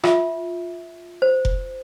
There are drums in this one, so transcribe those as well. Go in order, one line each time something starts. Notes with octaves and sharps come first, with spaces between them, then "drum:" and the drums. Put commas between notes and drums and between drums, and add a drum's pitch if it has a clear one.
F4 E5, drum: rim click
C5
drum: kick F1